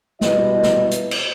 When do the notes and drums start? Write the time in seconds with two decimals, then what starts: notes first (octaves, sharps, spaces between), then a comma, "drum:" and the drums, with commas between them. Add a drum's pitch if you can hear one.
0.21 B2 G3 E4 B4 D#5, drum: snare
0.63 drum: snare
0.91 drum: hi-hat
1.11 drum: cymbal